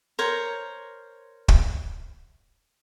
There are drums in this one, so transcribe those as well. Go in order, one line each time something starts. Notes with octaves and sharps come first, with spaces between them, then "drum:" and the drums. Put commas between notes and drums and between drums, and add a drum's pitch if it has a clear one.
A#4 C5 C#5
drum: kick